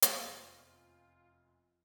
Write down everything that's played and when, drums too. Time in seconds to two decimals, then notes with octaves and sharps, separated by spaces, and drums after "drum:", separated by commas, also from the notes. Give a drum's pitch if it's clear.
0.02 drum: hi-hat
0.12 F1 E2 F3 C4 F4 A#6 C#7